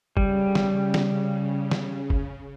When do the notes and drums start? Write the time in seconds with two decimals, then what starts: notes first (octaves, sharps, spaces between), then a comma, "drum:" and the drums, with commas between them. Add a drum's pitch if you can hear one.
0.17 C#3 G3, drum: kick G1
0.55 drum: snare
0.94 drum: snare
1.71 drum: snare
2.10 drum: kick G1